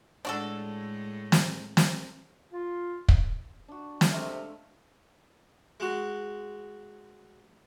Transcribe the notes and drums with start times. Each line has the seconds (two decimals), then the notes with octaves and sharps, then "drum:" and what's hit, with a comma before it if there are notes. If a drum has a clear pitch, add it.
0.25 A2 G#3 D4 F#4 A4
1.32 drum: snare
1.77 drum: snare
2.52 F4
3.09 drum: kick
3.68 D4 F#4
4.01 drum: snare
4.10 C3 G#3 A3 F5
5.80 G#3 F#4